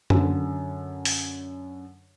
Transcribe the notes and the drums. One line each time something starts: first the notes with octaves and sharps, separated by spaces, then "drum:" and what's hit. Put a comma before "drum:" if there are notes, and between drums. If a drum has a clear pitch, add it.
F#2 D3, drum: tom F#2
drum: open hi-hat